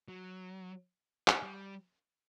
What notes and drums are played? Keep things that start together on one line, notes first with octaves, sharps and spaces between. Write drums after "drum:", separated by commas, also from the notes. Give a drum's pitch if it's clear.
F#3
drum: clap
G3